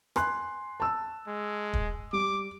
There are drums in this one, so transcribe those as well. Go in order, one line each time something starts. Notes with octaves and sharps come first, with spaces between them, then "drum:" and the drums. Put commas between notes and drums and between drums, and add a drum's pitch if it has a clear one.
G#5 C6 F#6, drum: rim click
A5 E6
G#3
drum: kick
G3 D6